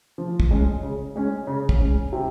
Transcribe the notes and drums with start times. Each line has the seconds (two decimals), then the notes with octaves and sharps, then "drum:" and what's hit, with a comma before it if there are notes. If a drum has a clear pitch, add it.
0.18 F3
0.40 drum: kick
0.51 G#3 C#4
0.83 C#3
1.16 G#3 C#4
1.47 C#3
1.69 drum: kick
1.80 G#3 C#4
2.13 C3